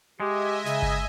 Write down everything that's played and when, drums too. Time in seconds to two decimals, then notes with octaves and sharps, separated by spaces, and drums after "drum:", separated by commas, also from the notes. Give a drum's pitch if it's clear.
0.20 G#3 G4 D#5 E5 G#5
0.66 C#3, drum: snare
0.82 drum: kick G1